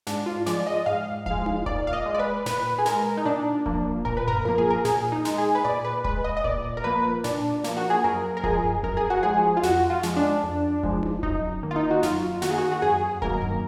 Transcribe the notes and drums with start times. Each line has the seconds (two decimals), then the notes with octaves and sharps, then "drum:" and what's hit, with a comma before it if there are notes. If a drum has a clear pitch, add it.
0.07 G#2 D4, drum: snare
0.26 F4
0.46 F3 G#3 D5, drum: snare
0.67 D#5
0.86 G#2 F5
1.26 F3 G#3 F5, drum: kick D#1
1.46 drum: tom D#4
1.66 A#2 D5, drum: kick D#1
1.87 F5
1.93 D#5
2.06 G#3
2.15 D5
2.19 B4
2.46 A#2 B4, drum: snare
2.79 G#4
2.86 G#3 A#4, drum: snare
3.17 D#4
3.25 A#2 D4
3.66 F3 A#3, drum: kick D#1
4.05 A#2 A#4, drum: kick D#1
4.17 B4
4.28 A#4, drum: tom F#2
4.45 F3 A#3 A#4
4.58 G#4
4.70 A#4
4.85 A#2 G#4, drum: snare
5.12 D#4
5.25 G#3, drum: snare
5.38 G#4
5.55 B4
5.65 A#2 D5
5.84 B4
6.04 G#3 B4, drum: kick D#1
6.24 D#5
6.37 D#5
6.44 A#2 D5, drum: kick D#1
6.77 A#4
6.84 F3 A#3 B4
7.24 A#2 D4, drum: snare
7.64 F3 A#3, drum: snare
7.77 F#4
7.90 G#4
8.04 F#2 A#4
8.37 A#4
8.44 F3 G#3 G#4, drum: kick D#1
8.64 drum: tom F#2
8.83 F#2 A#4, drum: kick D#1
8.97 G#4
9.10 F#4
9.23 F3 G#3 G#4
9.57 F4
9.63 F2 F#4, drum: snare
9.90 F4
10.03 F3 G#3, drum: snare
10.16 D4
10.43 F2
10.83 F3 G#3, drum: kick D#1
11.03 drum: tom D#4
11.23 F#2 D#4, drum: kick D#1
11.63 D#3 A#3
11.71 F4
11.76 D#4
11.91 F#4
12.03 F#2 F4, drum: snare
12.42 D#3 A#3 F#4, drum: snare
12.50 G#4
12.58 F#4
12.72 F#4
12.82 F#2 G#4
13.22 D#3 F#3 A#3 A#4, drum: kick D#1
13.42 drum: tom F#2